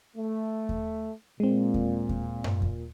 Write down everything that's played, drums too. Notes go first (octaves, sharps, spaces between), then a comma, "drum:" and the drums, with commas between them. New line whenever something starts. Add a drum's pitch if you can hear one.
A3
drum: kick D#2
A#2 G#3 C4
drum: kick D#2
drum: kick D#2
drum: tom F#2
drum: kick D#2